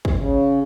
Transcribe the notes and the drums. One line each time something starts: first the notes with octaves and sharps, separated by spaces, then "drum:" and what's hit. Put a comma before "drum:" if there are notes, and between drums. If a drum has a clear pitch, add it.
drum: kick
C#3